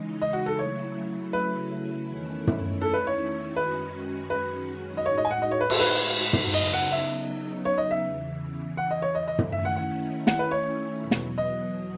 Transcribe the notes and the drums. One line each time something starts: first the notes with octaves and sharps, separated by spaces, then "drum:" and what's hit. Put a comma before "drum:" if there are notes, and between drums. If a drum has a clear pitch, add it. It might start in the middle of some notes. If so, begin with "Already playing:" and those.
Already playing: C#3 E3 G#3 D#4
D#5
F#4
A4
C#3 F#3 A3 E4 C#5
B4
E2 D#3 A3 C#4 E4
drum: tom
A4
B4
C#5
F#2 D#3 G#3 C#4 F#4 B4
B4
D#5
A2 G#3 D#4 F#4 C#5
D#5
G#5
F#5
D#5
C#5
B4
A4, drum: cymbal
B4
drum: tom
C#3 F#3 B3 D#4 D#5, drum: cymbal
F#5
E5
C#5
D#5
E5
E2 C#3 E3
F#5
D#5
C#5
D#5
D#5
drum: tom
D#3 A3 C#4 E4 E5
F#5
F#5
F#5, drum: snare
B4
C#5
E2 B2 F#3 B3
drum: snare
D#5